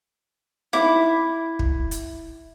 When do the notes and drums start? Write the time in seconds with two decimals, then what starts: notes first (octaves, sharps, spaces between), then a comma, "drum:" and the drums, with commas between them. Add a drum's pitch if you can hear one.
0.73 E4 D6, drum: snare D#4
1.59 drum: kick
1.91 drum: hi-hat